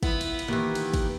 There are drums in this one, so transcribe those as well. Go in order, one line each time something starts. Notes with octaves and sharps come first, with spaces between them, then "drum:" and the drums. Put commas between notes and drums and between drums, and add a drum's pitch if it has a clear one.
F3 B3 E4, drum: kick, cymbal
drum: cymbal
drum: cymbal
D#3 E3 A#3 G4
drum: cymbal
drum: kick, cymbal